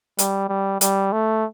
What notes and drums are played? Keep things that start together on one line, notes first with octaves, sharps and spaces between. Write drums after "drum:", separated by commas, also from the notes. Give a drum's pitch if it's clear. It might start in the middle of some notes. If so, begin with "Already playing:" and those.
G3, drum: hi-hat
G3
G3, drum: hi-hat
A3